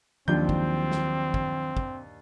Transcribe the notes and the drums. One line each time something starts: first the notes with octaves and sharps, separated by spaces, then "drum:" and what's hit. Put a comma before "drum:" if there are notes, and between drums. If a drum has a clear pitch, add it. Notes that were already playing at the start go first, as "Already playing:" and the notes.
D#2 D#3 F3 F#3 C4 D4 G6
drum: kick
drum: snare
drum: kick
drum: kick